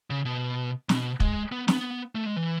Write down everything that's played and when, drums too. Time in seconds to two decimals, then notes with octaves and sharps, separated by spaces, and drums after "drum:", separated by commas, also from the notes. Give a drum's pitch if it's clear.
0.10 C#3
0.25 B2
0.89 B2, drum: snare
1.20 G#3, drum: kick
1.52 B3
1.68 B3, drum: snare
2.15 A3
2.26 G#3
2.36 E3